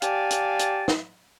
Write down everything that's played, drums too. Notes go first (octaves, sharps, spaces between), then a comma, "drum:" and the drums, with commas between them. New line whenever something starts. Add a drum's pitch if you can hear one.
G4 D5 F5 G#5 A5, drum: hi-hat
drum: hi-hat
drum: hi-hat
drum: snare